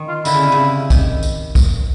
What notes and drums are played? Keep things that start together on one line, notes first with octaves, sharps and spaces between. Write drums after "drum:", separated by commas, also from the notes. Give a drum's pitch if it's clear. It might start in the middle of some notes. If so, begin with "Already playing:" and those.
Already playing: D#3
F4
D3 E4, drum: tambourine
C#3
C3
C#3
D#3, drum: kick, tambourine
drum: tambourine
drum: kick, tambourine